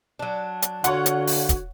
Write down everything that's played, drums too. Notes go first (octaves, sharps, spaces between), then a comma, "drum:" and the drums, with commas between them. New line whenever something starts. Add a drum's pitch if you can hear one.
F#3 D4
drum: hi-hat
D3 F4 F#4 C#5 F#5, drum: hi-hat
drum: hi-hat
drum: open hi-hat
drum: kick, hi-hat